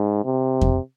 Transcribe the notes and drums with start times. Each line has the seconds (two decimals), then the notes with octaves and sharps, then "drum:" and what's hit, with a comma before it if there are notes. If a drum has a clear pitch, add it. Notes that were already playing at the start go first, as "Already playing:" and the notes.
Already playing: G#2
0.25 C3
0.61 drum: kick F2